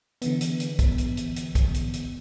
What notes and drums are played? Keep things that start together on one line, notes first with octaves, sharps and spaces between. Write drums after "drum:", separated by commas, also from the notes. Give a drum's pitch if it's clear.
D3 E3 B3, drum: hi-hat
drum: hi-hat
drum: hi-hat
drum: kick, hi-hat
drum: hi-hat
drum: hi-hat
drum: hi-hat
drum: kick, hi-hat
drum: hi-hat
drum: hi-hat